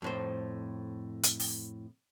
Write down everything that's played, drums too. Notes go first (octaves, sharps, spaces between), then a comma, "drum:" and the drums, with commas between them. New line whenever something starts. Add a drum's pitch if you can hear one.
F2 A2 C5
drum: hi-hat
drum: open hi-hat